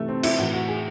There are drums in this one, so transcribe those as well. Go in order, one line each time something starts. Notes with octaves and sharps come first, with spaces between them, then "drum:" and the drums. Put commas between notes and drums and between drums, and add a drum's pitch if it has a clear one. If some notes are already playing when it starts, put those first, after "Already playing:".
Already playing: C3 E3 A3
C4
E4, drum: cymbal
A2 E3 F#4
F#4
G#4